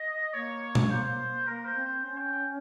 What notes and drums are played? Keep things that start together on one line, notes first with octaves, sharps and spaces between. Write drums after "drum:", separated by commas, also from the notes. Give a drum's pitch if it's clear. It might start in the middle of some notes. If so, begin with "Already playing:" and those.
Already playing: D#5
A#3 C#5
drum: tom B2
C5
A#3 A#4
C5
C4
C5
C#4 C5
G5
G5